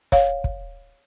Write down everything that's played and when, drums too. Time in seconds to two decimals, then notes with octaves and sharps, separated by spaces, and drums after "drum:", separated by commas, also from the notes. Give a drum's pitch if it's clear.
0.12 C#5 F5, drum: kick
0.44 drum: kick